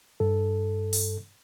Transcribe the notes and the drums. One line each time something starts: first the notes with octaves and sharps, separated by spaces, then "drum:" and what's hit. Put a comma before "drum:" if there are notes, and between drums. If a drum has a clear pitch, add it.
G2 A4
drum: open hi-hat